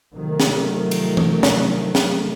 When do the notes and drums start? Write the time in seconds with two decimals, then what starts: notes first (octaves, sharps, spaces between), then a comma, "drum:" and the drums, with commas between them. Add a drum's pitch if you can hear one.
0.14 C3 D#3 F3 F#3 A3
0.40 drum: snare
0.91 drum: cymbal
1.17 drum: tom E3
1.43 drum: snare
1.95 drum: snare